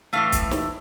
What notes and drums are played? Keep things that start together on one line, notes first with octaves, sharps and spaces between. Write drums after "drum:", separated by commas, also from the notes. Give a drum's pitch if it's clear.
A2 E3 A3 F5
drum: kick, hi-hat
drum: snare